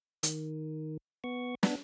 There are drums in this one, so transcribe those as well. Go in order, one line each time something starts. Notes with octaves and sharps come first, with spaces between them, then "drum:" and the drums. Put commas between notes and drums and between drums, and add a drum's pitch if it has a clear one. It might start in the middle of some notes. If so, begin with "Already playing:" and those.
D#3, drum: hi-hat
B3 C#6
B3 D4, drum: snare